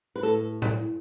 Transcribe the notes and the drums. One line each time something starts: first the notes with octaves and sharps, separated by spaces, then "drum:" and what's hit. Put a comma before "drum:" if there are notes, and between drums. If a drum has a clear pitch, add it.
B4
A2 A4
drum: tom A2